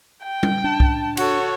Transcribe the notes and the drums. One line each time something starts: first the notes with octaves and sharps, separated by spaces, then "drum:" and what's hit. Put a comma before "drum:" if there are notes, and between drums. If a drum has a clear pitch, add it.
G5
drum: tom G3
D4 A5
drum: kick C2
F#4 A4 C#5 F#5, drum: cymbal